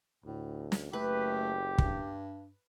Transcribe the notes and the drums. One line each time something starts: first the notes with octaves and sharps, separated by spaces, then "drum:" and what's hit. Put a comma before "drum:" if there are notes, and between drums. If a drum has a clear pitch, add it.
D2 A2
drum: snare
F#1 A3 G4 B4
G2, drum: kick